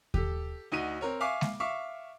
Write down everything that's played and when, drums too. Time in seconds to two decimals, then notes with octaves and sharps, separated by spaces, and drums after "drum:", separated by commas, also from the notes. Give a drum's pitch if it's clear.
0.14 G4 A4, drum: kick D#2
0.72 D2 D#4 F#4 D#7
1.01 C4 A#4 C#5
1.20 E5 F5 G#5 C#6 D6
1.41 drum: snare G#3
1.60 E5 F5 C#6 D6